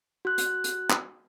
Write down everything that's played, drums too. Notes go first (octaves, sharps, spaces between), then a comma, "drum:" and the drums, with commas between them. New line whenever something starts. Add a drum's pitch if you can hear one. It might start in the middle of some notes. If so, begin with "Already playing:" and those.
F#4 F#6
drum: hi-hat
drum: hi-hat
drum: clap